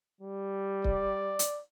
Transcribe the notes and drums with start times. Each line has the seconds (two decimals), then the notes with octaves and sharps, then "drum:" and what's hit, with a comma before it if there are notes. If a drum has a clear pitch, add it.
0.21 G3
0.84 D5, drum: kick C#1
1.39 drum: hi-hat